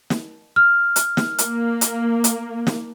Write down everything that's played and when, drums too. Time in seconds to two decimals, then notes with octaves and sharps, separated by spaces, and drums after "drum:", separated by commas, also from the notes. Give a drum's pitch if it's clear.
0.10 drum: snare
0.56 F6
0.96 drum: hi-hat
1.17 drum: snare
1.38 A#3, drum: hi-hat
1.81 drum: hi-hat
2.24 drum: hi-hat
2.67 drum: snare